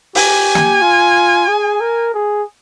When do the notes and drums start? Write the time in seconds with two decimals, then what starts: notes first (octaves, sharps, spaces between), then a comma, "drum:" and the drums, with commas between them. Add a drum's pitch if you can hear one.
0.15 G4 G#5, drum: open hi-hat
0.55 drum: snare
0.82 F4
1.48 G#4
1.80 A#4
2.14 G#4